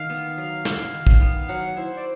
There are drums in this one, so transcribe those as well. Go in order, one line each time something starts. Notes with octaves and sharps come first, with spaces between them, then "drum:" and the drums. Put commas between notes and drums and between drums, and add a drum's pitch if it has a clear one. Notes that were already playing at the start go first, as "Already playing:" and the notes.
Already playing: D#3 F5
B3
F#3
E4, drum: snare
D#3
drum: kick
B3
F#3 F#5
E4 C5
D5